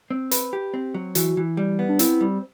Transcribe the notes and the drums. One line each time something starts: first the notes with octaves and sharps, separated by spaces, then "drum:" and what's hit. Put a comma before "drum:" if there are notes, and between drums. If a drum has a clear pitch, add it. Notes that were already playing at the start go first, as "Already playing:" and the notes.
C4
B4, drum: hi-hat
G4
C4
F#3
E3 F#4, drum: hi-hat
E3
G3
B3
D4
C4 E4, drum: hi-hat
G3